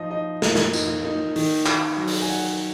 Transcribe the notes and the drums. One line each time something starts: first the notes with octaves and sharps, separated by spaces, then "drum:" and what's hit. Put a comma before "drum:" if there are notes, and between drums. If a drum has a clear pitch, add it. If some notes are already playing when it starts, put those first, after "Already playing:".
Already playing: F3 D#4 D#5
D#4 D#5
A#3 A#5, drum: snare
drum: snare
D#4, drum: tambourine
D#4
D#3, drum: open hi-hat
D#3, drum: clap
F#3
drum: open hi-hat
G#5
D#4 F#5